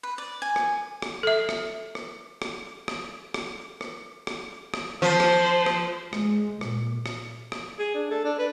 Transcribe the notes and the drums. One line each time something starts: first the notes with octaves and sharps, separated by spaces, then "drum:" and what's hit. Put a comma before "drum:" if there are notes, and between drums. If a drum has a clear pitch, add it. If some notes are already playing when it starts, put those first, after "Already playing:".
B4
D5
G#5
drum: rim click
drum: rim click
A4 E5
drum: rim click
drum: rim click
drum: rim click
drum: rim click
drum: rim click
drum: rim click
drum: rim click
drum: rim click
F3 C5
drum: rim click
drum: rim click
G#3, drum: rim click
A#2, drum: rim click
drum: rim click
drum: rim click
G#4
D4
A4
D4
B4